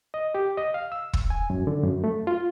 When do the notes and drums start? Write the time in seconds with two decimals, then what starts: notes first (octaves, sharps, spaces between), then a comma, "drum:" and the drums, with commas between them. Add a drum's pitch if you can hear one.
0.14 D#5
0.35 G4
0.57 D#5
0.74 F5
0.92 E6
1.13 drum: kick
1.30 G#5
1.50 F#2
1.67 D3
1.84 F#2
2.04 A3
2.27 F4